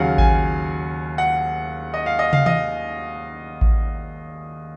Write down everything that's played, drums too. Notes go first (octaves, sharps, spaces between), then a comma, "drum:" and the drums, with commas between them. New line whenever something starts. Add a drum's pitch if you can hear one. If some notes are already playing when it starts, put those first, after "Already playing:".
Already playing: D#2 C#3 F#3 F5 F#5
G#5, drum: kick A1
F#5
D#5
F5
D#5
F5, drum: tom
D#5, drum: tom D#3
drum: kick A1